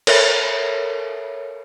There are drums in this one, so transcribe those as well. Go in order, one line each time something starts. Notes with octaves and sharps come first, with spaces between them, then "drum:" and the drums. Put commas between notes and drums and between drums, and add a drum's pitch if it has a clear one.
A4 A#4 C#5 E5, drum: cymbal